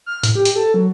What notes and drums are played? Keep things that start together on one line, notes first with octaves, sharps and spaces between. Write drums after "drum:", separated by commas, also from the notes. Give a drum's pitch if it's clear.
F6
A2, drum: hi-hat
G4
drum: hi-hat
A4
F#3